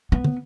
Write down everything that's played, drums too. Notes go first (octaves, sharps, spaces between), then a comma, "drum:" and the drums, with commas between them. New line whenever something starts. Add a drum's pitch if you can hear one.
B3
drum: tom